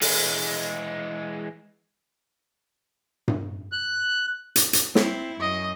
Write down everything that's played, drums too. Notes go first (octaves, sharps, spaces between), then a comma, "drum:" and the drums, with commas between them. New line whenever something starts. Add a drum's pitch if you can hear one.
E3 G#3, drum: open hi-hat
drum: tom G2
F#6
drum: hi-hat
drum: hi-hat
C4 E4, drum: snare
F#2 D#5